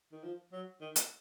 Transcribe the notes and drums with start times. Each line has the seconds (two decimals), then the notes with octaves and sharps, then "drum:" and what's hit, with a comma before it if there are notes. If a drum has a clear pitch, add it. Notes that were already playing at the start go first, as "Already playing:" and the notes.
0.12 D#3
0.24 F3
0.52 F#3
0.81 D#3
0.96 drum: hi-hat